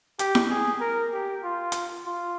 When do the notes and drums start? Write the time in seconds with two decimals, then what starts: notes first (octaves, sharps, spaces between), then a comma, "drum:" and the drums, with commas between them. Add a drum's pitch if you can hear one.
0.19 G4, drum: hi-hat
0.35 drum: snare E4
0.50 G#4
0.81 A#4
1.13 G4
1.43 F4
1.72 drum: hi-hat
2.06 F4